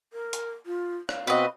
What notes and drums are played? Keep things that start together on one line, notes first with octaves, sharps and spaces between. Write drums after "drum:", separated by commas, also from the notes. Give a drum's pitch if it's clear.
A#4
drum: hi-hat
F4
F5, drum: rim click
B2 C4 F#4 B4 D#5